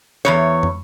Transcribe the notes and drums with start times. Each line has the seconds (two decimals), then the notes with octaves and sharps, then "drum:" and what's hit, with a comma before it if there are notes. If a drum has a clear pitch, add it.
0.25 E2 B2 C#5
0.63 drum: tom